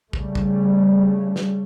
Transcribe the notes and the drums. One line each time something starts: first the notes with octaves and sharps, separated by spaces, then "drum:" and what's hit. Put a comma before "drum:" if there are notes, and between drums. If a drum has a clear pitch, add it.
C#3 G3 A3, drum: kick
drum: kick
drum: snare